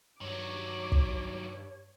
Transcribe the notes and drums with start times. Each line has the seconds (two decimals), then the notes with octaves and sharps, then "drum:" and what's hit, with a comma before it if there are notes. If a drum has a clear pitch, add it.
0.21 G2 D#3 F#3 C#5 D6
0.92 drum: kick